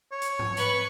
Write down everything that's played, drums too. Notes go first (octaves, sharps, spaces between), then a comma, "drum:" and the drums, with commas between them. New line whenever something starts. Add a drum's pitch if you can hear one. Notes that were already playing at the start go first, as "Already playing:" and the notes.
C#5
drum: hi-hat
drum: tom G#2
B4 C#6, drum: hi-hat